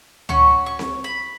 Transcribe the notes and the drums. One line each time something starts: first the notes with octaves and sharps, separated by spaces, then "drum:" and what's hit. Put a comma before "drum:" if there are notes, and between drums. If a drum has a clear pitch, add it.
C#4 F#4 C#6, drum: tom C#2
C#6
drum: snare C4
B5